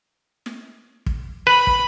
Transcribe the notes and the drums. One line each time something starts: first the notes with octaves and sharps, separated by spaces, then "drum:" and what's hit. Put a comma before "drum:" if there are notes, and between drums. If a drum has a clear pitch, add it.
drum: snare
drum: kick
B4 B5
drum: kick